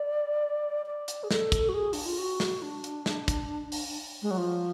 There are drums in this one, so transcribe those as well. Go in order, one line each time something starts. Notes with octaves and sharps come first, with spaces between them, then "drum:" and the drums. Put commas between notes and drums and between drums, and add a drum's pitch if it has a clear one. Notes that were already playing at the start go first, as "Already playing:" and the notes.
Already playing: D5
D5
drum: hi-hat
G#4
A4, drum: snare
drum: kick, hi-hat
F#4
G#4
D4, drum: open hi-hat
F4
F#4
drum: snare
D4
drum: hi-hat
drum: snare
drum: kick, hi-hat
drum: open hi-hat
G#3
F#3
F3